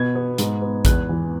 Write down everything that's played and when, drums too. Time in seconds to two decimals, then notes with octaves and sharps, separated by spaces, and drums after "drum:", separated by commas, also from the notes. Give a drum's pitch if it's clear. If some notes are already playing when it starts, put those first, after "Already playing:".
Already playing: B2 B3 G#6
0.15 B3
0.38 G#2, drum: hi-hat
0.62 B3
0.85 E2 F#6, drum: kick A1, hi-hat
1.09 E3